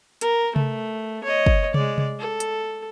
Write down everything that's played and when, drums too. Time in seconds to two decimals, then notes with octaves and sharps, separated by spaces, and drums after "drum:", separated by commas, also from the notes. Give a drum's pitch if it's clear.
0.21 A#4, drum: hi-hat
0.56 A3, drum: tom C3
1.24 C#5 D#5
1.46 drum: kick
1.74 G#3 D5, drum: tom C3
1.98 drum: tom C3
2.19 A4
2.40 drum: hi-hat